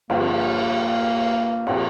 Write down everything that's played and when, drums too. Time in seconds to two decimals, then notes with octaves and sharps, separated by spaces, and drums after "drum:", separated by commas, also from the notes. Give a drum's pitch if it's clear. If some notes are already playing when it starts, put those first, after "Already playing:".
0.10 G1 G2 F3 A#3, drum: cymbal
0.20 C4
0.31 A#3
1.67 A#2 F3 C4, drum: cymbal